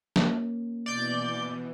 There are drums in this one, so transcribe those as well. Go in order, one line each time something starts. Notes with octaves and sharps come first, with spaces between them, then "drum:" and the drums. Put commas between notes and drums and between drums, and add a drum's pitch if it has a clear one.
A#3 C#4, drum: snare
B2 E3 D5 G6